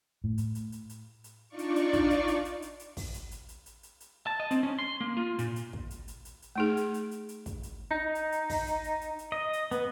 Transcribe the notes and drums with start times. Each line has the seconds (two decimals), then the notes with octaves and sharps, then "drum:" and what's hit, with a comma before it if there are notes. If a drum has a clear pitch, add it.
0.24 A2
0.38 drum: hi-hat
0.55 drum: hi-hat
0.72 drum: hi-hat
0.90 drum: hi-hat
1.24 drum: hi-hat
1.48 D4 D#4 F4 D5 C#6
1.59 drum: hi-hat
1.76 drum: hi-hat
1.93 drum: kick, hi-hat
2.10 drum: hi-hat
2.28 drum: hi-hat
2.45 drum: hi-hat
2.62 drum: hi-hat
2.80 drum: hi-hat
2.97 drum: kick, open hi-hat
3.14 drum: hi-hat
3.31 drum: hi-hat
3.49 drum: hi-hat
3.66 drum: hi-hat
3.83 drum: hi-hat
4.00 drum: hi-hat
4.27 A5
4.40 D#5
4.51 C4, drum: hi-hat
4.63 C#4
4.79 C6
5.01 A#3
5.17 F4
5.39 A#2, drum: hi-hat
5.56 drum: hi-hat
5.73 drum: kick
5.90 drum: hi-hat
6.08 drum: hi-hat
6.25 drum: hi-hat
6.42 drum: hi-hat
6.56 A3 D#4 G#4
6.77 drum: hi-hat
6.94 drum: hi-hat
7.11 drum: hi-hat
7.29 drum: hi-hat
7.46 drum: kick, hi-hat
7.63 drum: hi-hat
7.91 D#4
8.15 drum: hi-hat
8.32 drum: hi-hat
8.50 drum: kick, open hi-hat
8.67 drum: hi-hat
8.84 drum: hi-hat
9.01 drum: hi-hat
9.19 drum: hi-hat
9.32 D#5
9.53 drum: hi-hat
9.71 B3, drum: hi-hat